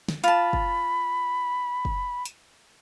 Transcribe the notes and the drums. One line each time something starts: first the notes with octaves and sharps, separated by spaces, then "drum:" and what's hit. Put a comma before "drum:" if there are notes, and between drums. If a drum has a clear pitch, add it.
drum: snare
F4 A5 B5, drum: hi-hat
drum: kick
drum: kick
drum: hi-hat